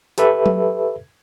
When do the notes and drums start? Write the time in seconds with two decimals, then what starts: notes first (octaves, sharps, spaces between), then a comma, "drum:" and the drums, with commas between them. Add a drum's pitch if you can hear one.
0.18 G4 A4 B4 E5, drum: hi-hat
0.46 drum: tom F#3